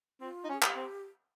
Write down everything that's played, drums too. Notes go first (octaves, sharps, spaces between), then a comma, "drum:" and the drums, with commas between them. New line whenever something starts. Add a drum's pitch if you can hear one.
C4 F4
D#4
C#4
G#4
G4, drum: clap
C4